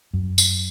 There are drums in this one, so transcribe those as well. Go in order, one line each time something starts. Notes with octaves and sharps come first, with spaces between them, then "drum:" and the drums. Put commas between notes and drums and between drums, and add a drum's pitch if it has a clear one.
F#2
drum: tambourine